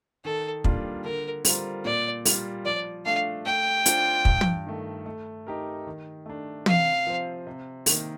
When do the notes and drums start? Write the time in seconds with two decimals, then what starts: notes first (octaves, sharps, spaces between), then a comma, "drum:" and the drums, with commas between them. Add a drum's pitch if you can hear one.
0.25 D#3 A4
0.64 G3 A#3 D4 F4, drum: kick
1.04 D3 A#4
1.45 G3 C4 F4 A#4, drum: open hi-hat
1.85 A#2 D5
2.25 G3 A#3 F4, drum: open hi-hat
2.65 F3 D5
3.05 A3 D4 F5
3.45 A3 G5
3.86 D4 F4 C5, drum: hi-hat
4.25 G2, drum: kick
4.41 drum: tom
4.66 D#3 A3
5.06 A3
5.47 D#4 G4 A#4
5.87 D#3
6.26 A3 D4
6.66 C3 F5, drum: tom
7.07 F3 C4
7.47 C3
7.86 D#3 A#3, drum: open hi-hat